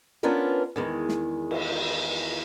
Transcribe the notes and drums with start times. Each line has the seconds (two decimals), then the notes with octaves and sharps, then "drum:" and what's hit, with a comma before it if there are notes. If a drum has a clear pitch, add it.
0.23 B3 C#4 D4 F4 A#4 B4
0.76 E2 D#3 G#3
1.09 drum: snare
1.51 drum: cymbal